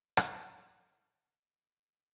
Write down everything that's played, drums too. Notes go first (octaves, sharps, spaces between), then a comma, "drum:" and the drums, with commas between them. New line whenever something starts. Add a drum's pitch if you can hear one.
drum: rim click
F#5
A2 D3 C4 D#4 A#4 G5 C7
E2 A3 A4 B6